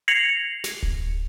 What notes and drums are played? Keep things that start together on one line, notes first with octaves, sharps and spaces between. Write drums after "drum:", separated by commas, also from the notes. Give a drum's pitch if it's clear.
G#6 A#6 C7 C#7 F7 F#7
drum: snare
drum: kick D1